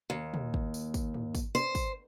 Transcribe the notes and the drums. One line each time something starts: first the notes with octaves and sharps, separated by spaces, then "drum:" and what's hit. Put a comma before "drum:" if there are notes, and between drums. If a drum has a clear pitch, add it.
D#2
drum: tom
drum: kick
drum: tambourine
drum: kick, tambourine
drum: tom
drum: kick, tambourine
C5, drum: tambourine
drum: kick, tambourine